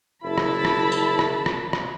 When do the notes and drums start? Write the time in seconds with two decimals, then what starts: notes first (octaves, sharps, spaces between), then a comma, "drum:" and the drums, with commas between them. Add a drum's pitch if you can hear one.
0.24 F#1 E4 A5 B5
0.38 drum: rim click
0.65 drum: rim click
0.92 drum: tambourine
1.19 drum: rim click
1.46 drum: rim click
1.73 drum: rim click